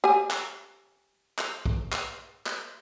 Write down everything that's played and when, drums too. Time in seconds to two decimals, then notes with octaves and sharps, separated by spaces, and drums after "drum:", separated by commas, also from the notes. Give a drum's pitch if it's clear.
0.04 G4 G#5
0.31 drum: clap
1.39 drum: clap
1.66 drum: kick
1.93 drum: clap
2.46 drum: clap